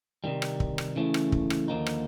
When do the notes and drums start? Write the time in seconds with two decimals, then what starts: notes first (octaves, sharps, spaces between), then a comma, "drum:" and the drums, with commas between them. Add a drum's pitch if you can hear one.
0.24 C3 D#3 G3
0.42 drum: rim click
0.60 drum: kick
0.78 drum: rim click
0.96 C#3 E3 A3 C#4
1.14 drum: rim click
1.32 drum: kick
1.50 drum: rim click
1.68 D#2 D3 F3 A#3 D#4
1.86 drum: rim click